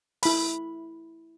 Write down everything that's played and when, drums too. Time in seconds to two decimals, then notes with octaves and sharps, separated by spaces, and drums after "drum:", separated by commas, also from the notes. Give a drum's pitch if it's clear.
0.23 E4 B5, drum: open hi-hat